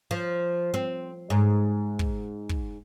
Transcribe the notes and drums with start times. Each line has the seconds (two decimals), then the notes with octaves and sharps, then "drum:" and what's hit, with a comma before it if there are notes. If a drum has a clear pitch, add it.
0.11 F3
0.74 C4
1.30 G#2
1.99 drum: kick
2.49 drum: kick